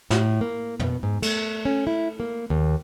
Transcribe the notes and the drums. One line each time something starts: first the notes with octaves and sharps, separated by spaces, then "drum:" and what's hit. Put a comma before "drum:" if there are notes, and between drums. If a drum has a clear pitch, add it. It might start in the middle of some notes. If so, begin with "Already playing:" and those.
A2, drum: snare
A#3
B2, drum: tom
G#2
A3, drum: cymbal
C#4
E4
A#3
D#2